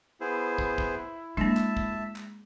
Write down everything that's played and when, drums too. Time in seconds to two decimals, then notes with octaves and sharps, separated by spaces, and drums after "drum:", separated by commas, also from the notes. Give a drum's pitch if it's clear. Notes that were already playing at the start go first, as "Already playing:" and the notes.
0.21 B3 E4 G#4 C5
0.58 drum: kick
0.78 drum: kick
1.37 G#3 A#3 D4 E5 A5
1.57 drum: clap
1.77 drum: kick
2.16 drum: clap